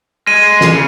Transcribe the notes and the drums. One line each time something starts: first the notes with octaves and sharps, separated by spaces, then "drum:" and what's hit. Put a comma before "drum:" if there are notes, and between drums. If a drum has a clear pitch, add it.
G#3 D#7
drum: snare
C#3